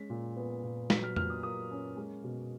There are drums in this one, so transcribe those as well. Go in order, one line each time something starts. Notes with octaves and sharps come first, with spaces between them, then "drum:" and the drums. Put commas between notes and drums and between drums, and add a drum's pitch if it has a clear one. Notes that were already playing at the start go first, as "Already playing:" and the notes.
Already playing: G#3 C#4 B6
A#2
B3
A#2
F#3 B6, drum: snare
F6
A#2 F6, drum: tom F2
D#6
A#3 D#6
C#4
G#3
B2